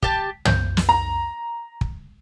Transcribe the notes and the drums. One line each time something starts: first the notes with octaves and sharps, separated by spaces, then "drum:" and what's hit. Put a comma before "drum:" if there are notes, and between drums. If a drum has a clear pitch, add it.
G4 A5, drum: kick
G6, drum: tom
drum: snare
A#5
drum: kick